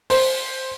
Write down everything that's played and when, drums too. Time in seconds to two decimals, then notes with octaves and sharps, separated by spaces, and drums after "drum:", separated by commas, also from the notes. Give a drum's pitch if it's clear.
0.10 C5, drum: open hi-hat